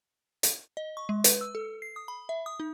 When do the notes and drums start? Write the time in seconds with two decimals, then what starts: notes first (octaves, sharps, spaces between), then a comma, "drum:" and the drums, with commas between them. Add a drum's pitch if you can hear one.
0.43 drum: hi-hat
0.77 D#5
0.97 C#6
1.09 G#3
1.24 B4, drum: hi-hat
1.41 E6
1.55 A4
1.82 C7
1.96 D#6
2.08 B5
2.29 E5
2.46 D#6
2.60 D#4